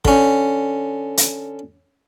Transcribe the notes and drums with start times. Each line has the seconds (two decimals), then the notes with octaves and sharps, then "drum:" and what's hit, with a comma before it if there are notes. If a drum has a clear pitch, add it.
0.05 D3 C#4, drum: kick
1.17 drum: hi-hat